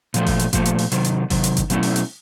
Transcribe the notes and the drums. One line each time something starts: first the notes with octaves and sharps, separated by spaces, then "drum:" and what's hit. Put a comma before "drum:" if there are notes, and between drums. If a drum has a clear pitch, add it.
A#2 F3 A3, drum: hi-hat
drum: kick G1, open hi-hat
drum: hi-hat
A#2 F3 A3, drum: kick G1, hi-hat
drum: hi-hat
drum: open hi-hat
C3 D#3 F#3, drum: hi-hat
drum: hi-hat
C3 D#3 F#3, drum: kick G1, open hi-hat
drum: hi-hat
drum: kick G1, hi-hat
B2 F#3 A3 C#4 E4, drum: hi-hat
drum: open hi-hat
drum: hi-hat